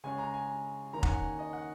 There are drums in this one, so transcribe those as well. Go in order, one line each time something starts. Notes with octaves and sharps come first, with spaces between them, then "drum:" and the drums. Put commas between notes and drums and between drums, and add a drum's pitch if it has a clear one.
C#3 G#3 C#4 G#5
A#5
G#5
D#3 A#3 C#4 A#5
F#5, drum: kick F1
G#5
D#5
F#5